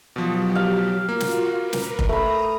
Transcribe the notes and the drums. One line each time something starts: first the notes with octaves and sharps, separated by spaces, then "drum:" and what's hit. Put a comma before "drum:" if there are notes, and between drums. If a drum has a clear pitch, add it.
B2 F3 F#3 G4
F5
A#3 F4 F#4
drum: snare
A#4 B4
drum: snare
drum: kick F1
A3 A#5 B5 D#6